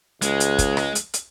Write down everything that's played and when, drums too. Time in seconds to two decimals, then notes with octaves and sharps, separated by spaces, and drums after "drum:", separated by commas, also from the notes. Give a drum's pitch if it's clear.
0.22 C#2 G#3, drum: hi-hat
0.40 drum: hi-hat
0.59 drum: kick, hi-hat
0.77 drum: rim click
0.95 drum: hi-hat
1.14 drum: hi-hat